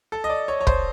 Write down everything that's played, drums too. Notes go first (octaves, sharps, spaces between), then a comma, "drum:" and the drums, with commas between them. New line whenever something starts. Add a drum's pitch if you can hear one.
A4
D#5
D5
C#5
C#5
C5, drum: kick